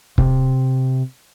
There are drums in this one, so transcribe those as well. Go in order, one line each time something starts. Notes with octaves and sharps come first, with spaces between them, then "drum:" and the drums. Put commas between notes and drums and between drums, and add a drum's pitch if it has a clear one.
C3, drum: kick